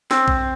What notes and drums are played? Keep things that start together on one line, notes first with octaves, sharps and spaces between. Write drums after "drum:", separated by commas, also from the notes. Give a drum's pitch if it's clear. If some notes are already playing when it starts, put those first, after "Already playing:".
C4, drum: snare
drum: kick A#1